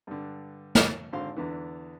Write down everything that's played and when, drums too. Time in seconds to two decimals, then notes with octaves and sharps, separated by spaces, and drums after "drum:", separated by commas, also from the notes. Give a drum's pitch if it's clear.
0.07 G2 D3
0.75 drum: snare
1.13 G#1 D3 C5 F5 C6
1.36 E2 D3 E3